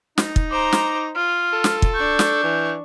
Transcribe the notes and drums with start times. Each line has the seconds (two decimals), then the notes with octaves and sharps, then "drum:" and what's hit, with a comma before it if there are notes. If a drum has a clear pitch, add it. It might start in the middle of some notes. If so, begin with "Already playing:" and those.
0.18 D#4, drum: snare
0.36 drum: kick
0.51 C5 A#5 D6
0.73 drum: snare
1.15 F4 F6
1.53 A4
1.64 drum: snare
1.82 drum: kick
1.94 D4 C#6 G6
2.19 drum: snare
2.44 E3